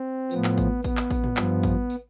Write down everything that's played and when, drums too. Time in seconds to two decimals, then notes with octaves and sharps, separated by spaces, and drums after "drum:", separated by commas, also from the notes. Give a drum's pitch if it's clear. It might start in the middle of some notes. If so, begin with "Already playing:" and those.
Already playing: C4
0.31 A2 F3 B3, drum: tambourine
0.44 drum: clap
0.58 drum: kick A1, tambourine
0.84 B3, drum: kick A1, tambourine
0.97 drum: clap
1.10 drum: kick A1, tambourine
1.24 drum: tom G#2
1.37 G2 F3, drum: clap
1.63 drum: kick A1, tambourine
1.90 drum: tambourine